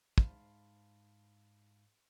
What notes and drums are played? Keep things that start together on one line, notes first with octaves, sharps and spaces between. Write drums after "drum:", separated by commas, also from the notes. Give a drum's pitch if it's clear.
G#2 F5 A5 B5 C6, drum: kick